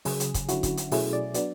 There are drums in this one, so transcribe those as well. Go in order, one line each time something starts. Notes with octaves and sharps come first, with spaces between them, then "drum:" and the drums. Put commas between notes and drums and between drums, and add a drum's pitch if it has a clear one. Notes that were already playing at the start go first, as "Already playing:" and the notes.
C#3 F#3 C#4 G#4, drum: open hi-hat
drum: hi-hat
drum: kick, hi-hat
D3 F#3 C#4 E4 F#4, drum: hi-hat
drum: kick, hi-hat
drum: hi-hat
B2 F#3 A3 C#4 E4 G#4, drum: open hi-hat
D5
F#3 B3 D4 D5, drum: hi-hat